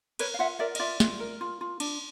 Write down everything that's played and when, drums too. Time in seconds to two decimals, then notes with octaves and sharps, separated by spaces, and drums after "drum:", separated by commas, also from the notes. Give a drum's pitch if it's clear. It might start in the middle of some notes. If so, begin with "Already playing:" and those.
0.19 A#4 B4 C#5, drum: cymbal
0.34 F5
0.39 F4 E5 F#5
0.59 A#4 D5 E5
0.75 D#5, drum: cymbal
0.79 F4 D5 E5
1.00 F4, drum: snare
1.20 A#4
1.41 F4
1.61 F4
1.80 D4, drum: cymbal